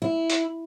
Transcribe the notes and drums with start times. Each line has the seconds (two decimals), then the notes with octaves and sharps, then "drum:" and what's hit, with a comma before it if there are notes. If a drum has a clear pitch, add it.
0.02 E4
0.30 drum: hi-hat